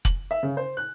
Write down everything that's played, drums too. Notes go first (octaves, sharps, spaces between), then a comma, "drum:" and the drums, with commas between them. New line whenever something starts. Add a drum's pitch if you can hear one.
F#7, drum: kick F1
E5
C#3
C5
F#6